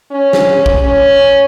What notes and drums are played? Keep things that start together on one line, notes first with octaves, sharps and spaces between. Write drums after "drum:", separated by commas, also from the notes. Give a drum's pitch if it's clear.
C#4
drum: snare
drum: kick
C#4